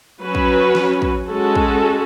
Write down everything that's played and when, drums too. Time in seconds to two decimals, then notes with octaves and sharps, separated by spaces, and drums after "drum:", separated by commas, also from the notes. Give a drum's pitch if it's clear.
0.21 F#3 C#4 F#4 B4
0.35 drum: kick
0.75 drum: snare F3
1.02 drum: kick
1.29 G#3 C#4 F#4 A4
1.55 drum: kick